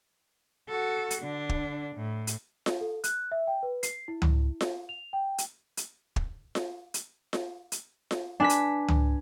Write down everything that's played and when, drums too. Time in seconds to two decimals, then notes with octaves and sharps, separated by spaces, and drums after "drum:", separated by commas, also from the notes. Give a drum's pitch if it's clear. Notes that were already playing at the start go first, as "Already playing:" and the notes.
0.69 F#4 A4
1.10 drum: hi-hat
1.23 D3 D4
1.49 drum: kick
1.96 A2
2.27 drum: hi-hat
2.66 drum: snare F4
2.81 A4
3.04 F#6, drum: hi-hat
3.32 E5
3.47 G5
3.63 B4
3.83 C7, drum: hi-hat
4.08 E4
4.22 drum: tom C#2
4.61 drum: snare F4
4.89 F7
5.13 G5
5.38 drum: hi-hat
5.77 drum: hi-hat
6.16 drum: kick
6.55 drum: snare F4
6.94 drum: hi-hat
7.33 drum: snare F4
7.72 drum: hi-hat
8.11 drum: snare F4
8.40 D4 B4 G#5 B6
8.50 drum: hi-hat
8.88 drum: tom C#2